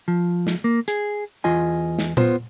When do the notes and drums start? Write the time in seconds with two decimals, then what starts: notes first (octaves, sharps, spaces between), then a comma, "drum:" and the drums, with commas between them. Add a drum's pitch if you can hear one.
0.08 F3
0.47 drum: snare
0.64 A#3
0.88 G#4, drum: hi-hat
1.44 E2 F4 D#5 G#5
1.99 drum: snare
2.17 B3 F4 C5, drum: tom A#2